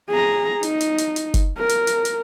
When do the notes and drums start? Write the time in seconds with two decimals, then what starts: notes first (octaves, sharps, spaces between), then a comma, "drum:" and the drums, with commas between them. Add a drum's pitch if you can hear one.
0.10 G#4 A#5
0.63 D#4, drum: hi-hat
0.80 drum: hi-hat
0.98 drum: hi-hat
1.16 drum: hi-hat
1.34 drum: kick F#1, hi-hat
1.58 A#4
1.69 drum: hi-hat
1.87 drum: hi-hat
2.05 drum: hi-hat